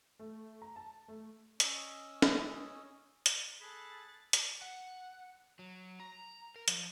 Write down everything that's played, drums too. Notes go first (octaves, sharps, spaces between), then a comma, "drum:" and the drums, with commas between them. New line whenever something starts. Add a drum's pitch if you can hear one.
A3
A#5
A5
A3
C#4 D#5 D#6 E6, drum: hi-hat
drum: snare C#4
drum: hi-hat
G#4 A4 B5 F#6 A6
drum: hi-hat
F#5
F#3
A#5
A#4
F3, drum: hi-hat